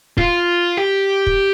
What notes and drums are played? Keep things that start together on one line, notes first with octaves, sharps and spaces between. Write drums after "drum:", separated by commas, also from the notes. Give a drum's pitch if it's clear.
F4, drum: kick
G4
drum: kick